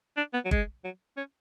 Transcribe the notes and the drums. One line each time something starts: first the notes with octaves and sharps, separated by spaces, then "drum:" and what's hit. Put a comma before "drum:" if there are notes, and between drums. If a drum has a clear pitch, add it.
D4
B3
F#3
G#3, drum: kick G1
F#3
C#4